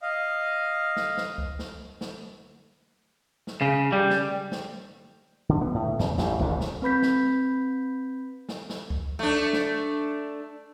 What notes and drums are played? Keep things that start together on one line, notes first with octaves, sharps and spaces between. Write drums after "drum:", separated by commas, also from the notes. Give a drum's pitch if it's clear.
D#5 F5
drum: snare
drum: snare
drum: kick C#2
drum: snare
drum: snare
drum: snare
C#3
G3
drum: snare
drum: snare
D3
B3
A2
E2 C#3, drum: snare
A1 A2 G3, drum: snare
E1 A1 D#2 G#2, drum: kick C#2
drum: snare
C4 B4 B5 G6 B6
drum: snare
drum: snare
drum: snare
drum: kick C#2
A3 D4
drum: snare